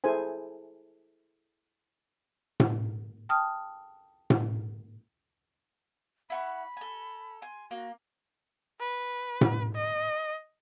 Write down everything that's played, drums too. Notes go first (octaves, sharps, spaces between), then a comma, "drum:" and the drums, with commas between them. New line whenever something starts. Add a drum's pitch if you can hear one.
E4 G#4 A4 C5 G#5
drum: tom A2
G5 A5 D#6 F6
drum: tom A2
E4 F#5 B5 C#6
A4 G#5
G#5 C6
A#3 F#4
B4
drum: tom A2
D#5